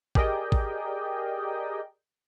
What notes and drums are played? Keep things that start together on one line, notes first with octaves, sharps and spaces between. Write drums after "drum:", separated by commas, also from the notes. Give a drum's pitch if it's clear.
G4 G#4 A#4 D5 D#5 G5, drum: kick
drum: kick